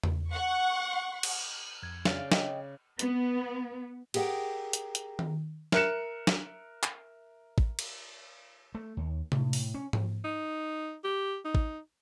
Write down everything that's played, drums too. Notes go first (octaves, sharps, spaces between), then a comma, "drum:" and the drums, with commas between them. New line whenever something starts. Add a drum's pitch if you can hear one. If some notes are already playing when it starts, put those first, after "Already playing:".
drum: tom E2
F#5 C#6
drum: cymbal
F2 G#6
C#3 D5 F5, drum: snare
D#5 G5, drum: snare
B3, drum: hi-hat
G4 G#4 A#4 E5 F#5 G5, drum: cymbal
drum: hi-hat
drum: hi-hat
drum: tom D#3
A#4 E5 F#6 C#7 E7, drum: snare
drum: snare
drum: clap
drum: kick A1
drum: cymbal
A3
D#2
A2, drum: tom C3
drum: open hi-hat
C#4
drum: tom G#2
D#4
G4
D#4
drum: kick A1